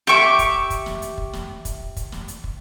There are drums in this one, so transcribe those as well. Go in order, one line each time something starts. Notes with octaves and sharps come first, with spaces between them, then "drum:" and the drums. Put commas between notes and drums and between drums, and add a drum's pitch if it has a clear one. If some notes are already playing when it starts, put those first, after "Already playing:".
G4 E5 C#6 D6, drum: snare
drum: kick, hi-hat
drum: kick, hi-hat
drum: snare
drum: hi-hat
drum: kick
drum: snare
drum: kick, hi-hat
drum: kick, hi-hat
drum: snare
drum: hi-hat
drum: kick